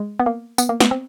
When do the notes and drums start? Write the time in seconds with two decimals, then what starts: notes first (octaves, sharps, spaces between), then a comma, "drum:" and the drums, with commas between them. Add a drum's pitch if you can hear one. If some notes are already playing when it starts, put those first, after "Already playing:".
Already playing: G#3
0.20 B3
0.26 A#3
0.58 B3, drum: tambourine
0.69 A#3
0.80 B3, drum: snare
0.91 C4